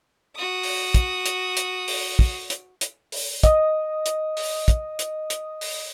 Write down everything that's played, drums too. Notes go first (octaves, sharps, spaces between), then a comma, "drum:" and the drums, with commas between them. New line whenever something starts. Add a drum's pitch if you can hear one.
F#4 D#6
drum: open hi-hat
drum: kick, hi-hat
drum: hi-hat
drum: hi-hat
drum: open hi-hat
drum: kick
drum: hi-hat
drum: hi-hat
drum: open hi-hat
D#5 D#6, drum: kick, hi-hat
drum: hi-hat
drum: open hi-hat
drum: kick, hi-hat
drum: hi-hat
drum: hi-hat
drum: open hi-hat